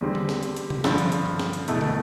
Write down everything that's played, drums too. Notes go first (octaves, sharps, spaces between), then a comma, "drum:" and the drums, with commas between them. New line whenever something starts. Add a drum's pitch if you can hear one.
E2 D3 G3 C4
drum: tom D3
drum: snare
drum: hi-hat
drum: hi-hat
drum: tom C3
G2 D3 F3, drum: snare
drum: hi-hat
drum: hi-hat
drum: tom D3
drum: snare
drum: hi-hat
E1 E2 B2 A3 E4, drum: hi-hat
drum: tom